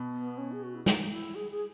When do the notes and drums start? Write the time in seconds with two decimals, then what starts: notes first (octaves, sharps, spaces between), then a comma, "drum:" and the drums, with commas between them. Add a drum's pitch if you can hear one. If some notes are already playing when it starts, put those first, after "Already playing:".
Already playing: B2
0.13 B3
0.38 C#4
0.52 G#4
0.63 F#4
0.75 E4
0.86 D#4, drum: snare
1.11 E4
1.35 G#4
1.51 G#4